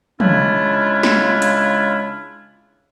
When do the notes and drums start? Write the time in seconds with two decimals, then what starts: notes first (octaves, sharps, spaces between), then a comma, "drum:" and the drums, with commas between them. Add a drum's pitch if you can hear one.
0.20 C#3 G#3 D4 E4 F4, drum: tom
1.03 drum: snare
1.42 drum: hi-hat